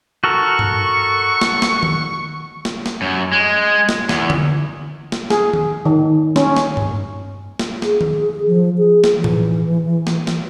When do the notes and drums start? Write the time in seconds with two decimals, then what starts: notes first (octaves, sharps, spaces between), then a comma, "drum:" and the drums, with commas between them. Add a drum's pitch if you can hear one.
0.24 F#4 A4 A#4 C#6
0.59 drum: tom G2
1.41 drum: snare
1.62 drum: snare
1.83 drum: tom D#3
2.65 drum: snare
2.86 drum: snare
3.02 F#2
3.32 G#3
3.89 drum: snare
4.09 E2, drum: snare
4.30 drum: tom D3
5.12 drum: snare
5.30 G#4, drum: snare
5.53 drum: tom D#3
5.85 D#3
6.36 C#4, drum: snare
6.56 drum: snare
6.77 drum: tom G2
7.59 drum: snare
7.82 G#4, drum: snare
8.01 drum: tom D#3
8.48 F3
8.78 G#4
9.04 drum: snare
9.13 E3
9.24 drum: tom A2
10.07 drum: snare
10.27 drum: snare